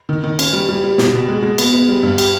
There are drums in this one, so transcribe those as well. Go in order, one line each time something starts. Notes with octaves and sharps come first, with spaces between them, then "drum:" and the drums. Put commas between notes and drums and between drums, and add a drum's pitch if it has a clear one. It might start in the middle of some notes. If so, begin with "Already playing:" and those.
D#3
D#3
C#4, drum: cymbal
G3
G3
G3
B2, drum: snare
B2
G#3
G#3
B3, drum: cymbal
B3
G3
G2
G4, drum: cymbal